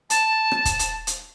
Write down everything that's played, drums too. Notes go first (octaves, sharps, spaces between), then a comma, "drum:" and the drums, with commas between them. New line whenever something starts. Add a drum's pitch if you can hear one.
A5, drum: hi-hat
drum: rim click
drum: kick, hi-hat
drum: hi-hat
drum: hi-hat